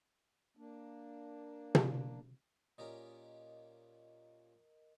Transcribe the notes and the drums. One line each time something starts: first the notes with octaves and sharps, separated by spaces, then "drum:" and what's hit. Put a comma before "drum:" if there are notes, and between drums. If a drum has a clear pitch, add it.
A#3 D4
drum: tom
A#2 C#4 G4 A#4 D#5